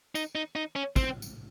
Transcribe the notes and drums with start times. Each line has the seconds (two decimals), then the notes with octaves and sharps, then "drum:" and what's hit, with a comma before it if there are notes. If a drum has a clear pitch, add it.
0.15 D#4, drum: tambourine
0.35 D#4
0.56 D#4
0.76 C#4
0.96 C4, drum: kick, tambourine
1.22 drum: tambourine